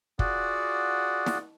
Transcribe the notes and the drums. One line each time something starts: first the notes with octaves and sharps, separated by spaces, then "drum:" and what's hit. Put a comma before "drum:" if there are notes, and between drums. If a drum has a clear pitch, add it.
F4 F#4 G#4 D5 F#5, drum: kick
drum: snare